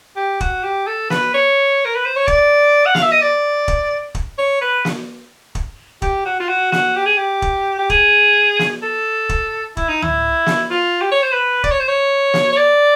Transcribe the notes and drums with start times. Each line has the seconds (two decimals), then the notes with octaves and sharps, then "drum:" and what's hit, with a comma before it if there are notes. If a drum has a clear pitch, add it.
0.16 G4
0.41 F#4, drum: kick
0.63 G4
0.87 A4
1.10 B4, drum: snare
1.34 C#5
1.85 A#4
1.95 B4
2.06 C5
2.16 C#5
2.28 D5, drum: kick
2.86 F#5
2.95 F5, drum: snare
3.03 E5
3.12 D#5
3.22 D5
3.68 drum: kick
4.15 drum: kick
4.38 C#5
4.61 B4
4.85 drum: snare
5.55 drum: kick
6.02 G4, drum: kick
6.25 F#4
6.40 F4
6.49 F#4
6.72 F#4, drum: snare
6.96 G4
7.06 G#4
7.17 G4
7.42 drum: kick
7.79 G4
7.90 G#4, drum: kick
8.59 drum: snare
8.83 A4
9.29 drum: kick
9.77 E4, drum: kick
9.89 D#4
10.02 E4, drum: tom C#2
10.46 drum: snare
10.70 F4
11.01 G4
11.12 C#5
11.22 C5
11.32 B4
11.64 D5, drum: kick
11.71 C#5
11.80 C5
11.88 C#5
12.34 drum: snare
12.52 C#5
12.57 D5